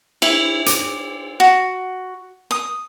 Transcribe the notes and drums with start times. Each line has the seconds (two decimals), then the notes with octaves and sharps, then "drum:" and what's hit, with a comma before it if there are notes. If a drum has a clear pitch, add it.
0.22 E4, drum: cymbal
0.66 D6, drum: hi-hat
1.40 F#4
2.51 D#6